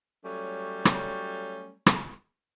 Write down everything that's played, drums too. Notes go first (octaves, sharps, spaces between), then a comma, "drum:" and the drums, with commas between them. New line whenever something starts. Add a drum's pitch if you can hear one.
F#3 G3 A3 C#4
drum: rim click
drum: rim click